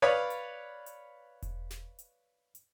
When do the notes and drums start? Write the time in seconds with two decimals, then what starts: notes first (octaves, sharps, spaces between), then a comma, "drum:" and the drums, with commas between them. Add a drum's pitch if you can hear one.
0.02 B4 C#5 D5 F5 B5 D#6
0.30 drum: hi-hat
0.86 drum: hi-hat
1.42 drum: kick E1, hi-hat
1.71 drum: snare
1.99 drum: hi-hat
2.55 drum: hi-hat